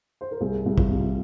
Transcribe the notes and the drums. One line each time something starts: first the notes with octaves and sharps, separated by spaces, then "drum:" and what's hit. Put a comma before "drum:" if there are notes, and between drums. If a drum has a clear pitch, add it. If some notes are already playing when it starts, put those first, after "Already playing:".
C5
A#4
C2 G#4
C2
F4, drum: kick A#1
C3